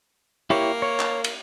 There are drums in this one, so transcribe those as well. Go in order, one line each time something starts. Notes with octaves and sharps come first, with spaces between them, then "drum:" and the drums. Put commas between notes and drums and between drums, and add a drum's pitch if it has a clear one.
A#3 E4 G4 C#5
C#5
drum: clap
drum: cymbal